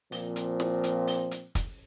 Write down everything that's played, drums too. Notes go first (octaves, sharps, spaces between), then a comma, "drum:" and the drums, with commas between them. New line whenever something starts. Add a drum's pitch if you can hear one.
A#2 F3 C4, drum: open hi-hat
drum: hi-hat
drum: snare
drum: hi-hat
drum: open hi-hat
drum: hi-hat
drum: kick, hi-hat